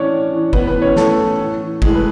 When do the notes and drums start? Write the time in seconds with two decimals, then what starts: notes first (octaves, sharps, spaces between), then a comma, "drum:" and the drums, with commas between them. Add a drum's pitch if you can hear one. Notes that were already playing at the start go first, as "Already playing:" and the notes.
Already playing: A2 E3 C#4 D4 C#5 D5
0.11 A2
0.32 E3
0.53 A2 B3 B4, drum: kick
0.67 B3 B4
0.76 E3
0.82 C#4 C#5
0.96 A2 A3 A4, drum: snare
1.18 E3
1.40 A2
1.61 E3
1.82 A2 G#3 G#4, drum: kick
1.95 B4